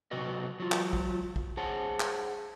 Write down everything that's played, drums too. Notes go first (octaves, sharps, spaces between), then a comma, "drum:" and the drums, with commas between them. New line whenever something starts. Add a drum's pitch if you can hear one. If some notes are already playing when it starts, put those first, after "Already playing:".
C3 F#3 F#4 B4 D#5
F#3 F4
drum: clap
drum: kick
drum: kick
G#4 C5 C#5 F#5 A5
drum: clap